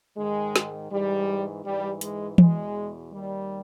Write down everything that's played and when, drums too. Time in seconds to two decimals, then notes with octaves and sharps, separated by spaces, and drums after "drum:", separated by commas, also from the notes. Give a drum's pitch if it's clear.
0.17 G#2 D#3 G#3
0.56 drum: snare
0.91 G#2 E3 G3
1.65 G#2 E3 G3
2.01 G#3, drum: hi-hat
2.38 E2 B2 G#3, drum: tom E3
3.12 D#2 D#3 G3